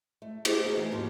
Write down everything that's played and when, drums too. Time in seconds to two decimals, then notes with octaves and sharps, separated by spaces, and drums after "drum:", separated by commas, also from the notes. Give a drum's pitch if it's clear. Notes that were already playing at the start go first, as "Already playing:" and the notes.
0.22 A3
0.45 E4 G4 G#4 C5, drum: cymbal
0.64 B3 D#4 F#4
0.77 E3 A3
0.91 D#2 G#2 F3 A#3 F4 F#4